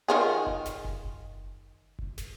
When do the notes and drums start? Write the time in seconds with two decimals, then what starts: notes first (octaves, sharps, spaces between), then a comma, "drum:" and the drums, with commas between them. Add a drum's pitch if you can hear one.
0.08 D#3 F4 G#4
0.46 drum: kick F#1
0.66 drum: snare
0.85 drum: kick F#1
1.99 drum: kick F#1
2.18 drum: snare